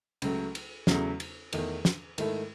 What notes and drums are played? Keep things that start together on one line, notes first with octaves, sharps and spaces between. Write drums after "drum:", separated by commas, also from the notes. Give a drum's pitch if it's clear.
C#2 C#3 F#3 A3, drum: cymbal
drum: cymbal
E2 C#3 F#3 A3, drum: snare
drum: cymbal
E2 D#3 A3, drum: cymbal
drum: snare
G#2 D#3 A3 E4 A4, drum: cymbal